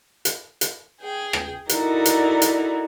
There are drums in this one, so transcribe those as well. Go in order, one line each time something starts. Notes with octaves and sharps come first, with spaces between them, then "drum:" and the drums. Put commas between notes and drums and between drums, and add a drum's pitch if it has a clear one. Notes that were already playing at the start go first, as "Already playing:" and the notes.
drum: hi-hat
drum: hi-hat
G#4 G5
drum: rim click
D#4 E4 F#4 A4 A#4 D5, drum: hi-hat
drum: hi-hat
drum: hi-hat